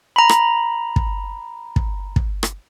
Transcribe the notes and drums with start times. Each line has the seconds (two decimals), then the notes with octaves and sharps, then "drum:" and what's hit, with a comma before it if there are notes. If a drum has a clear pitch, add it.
0.16 A#5 B5
0.29 drum: rim click
0.96 drum: kick
1.76 drum: kick
2.16 drum: kick
2.43 drum: rim click